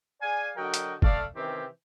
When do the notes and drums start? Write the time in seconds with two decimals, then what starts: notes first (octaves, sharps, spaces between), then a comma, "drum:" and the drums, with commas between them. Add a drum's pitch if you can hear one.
0.21 G#4 D5 F5 G#5
0.57 D3 F#3 F#4 A#4 D#5 G5
0.74 drum: hi-hat
1.02 A3 D5 F5, drum: kick
1.36 C3 D#3 E3 C4 C#4 G4